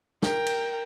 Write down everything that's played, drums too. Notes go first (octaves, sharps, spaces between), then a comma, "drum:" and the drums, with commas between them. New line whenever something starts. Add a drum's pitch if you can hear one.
A#4 G5, drum: snare
drum: cymbal